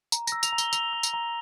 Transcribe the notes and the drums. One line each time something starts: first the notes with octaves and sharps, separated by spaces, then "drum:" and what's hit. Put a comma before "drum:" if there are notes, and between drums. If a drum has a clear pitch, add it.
A#5, drum: tambourine
E6 A#6, drum: tambourine
F7, drum: tambourine
A#5
G7, drum: tambourine
E6 F7, drum: tambourine
E6
drum: tambourine
A#5